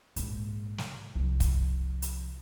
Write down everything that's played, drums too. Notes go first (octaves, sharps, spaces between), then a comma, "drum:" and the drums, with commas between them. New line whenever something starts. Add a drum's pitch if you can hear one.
A#1 G#2, drum: hi-hat
drum: snare
C2 F3
drum: kick, hi-hat
drum: hi-hat